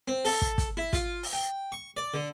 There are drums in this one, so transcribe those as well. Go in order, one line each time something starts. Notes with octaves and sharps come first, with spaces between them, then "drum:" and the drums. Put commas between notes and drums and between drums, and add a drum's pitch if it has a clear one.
C4
A4, drum: open hi-hat
drum: kick
drum: kick, hi-hat
E4
F4, drum: kick, hi-hat
drum: open hi-hat
G5
C#6
D5
D3